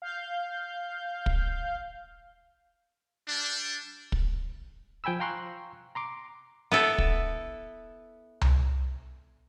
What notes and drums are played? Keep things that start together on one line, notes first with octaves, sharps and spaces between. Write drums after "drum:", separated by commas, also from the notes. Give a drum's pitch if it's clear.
F5 G6
drum: kick
G3 D4
drum: kick
F3 G5 G#5 B5 E6
F5 G5 A#5 C6 C#6 F#6
A#5 C6 D6
B3 E4 A4
drum: kick
drum: tom C2